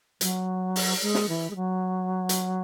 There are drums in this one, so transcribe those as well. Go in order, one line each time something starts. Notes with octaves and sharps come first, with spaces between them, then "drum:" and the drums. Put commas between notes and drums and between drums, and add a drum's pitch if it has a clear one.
F#3, drum: hi-hat
drum: open hi-hat
G#3
drum: snare
E3
G#3
F#3
drum: hi-hat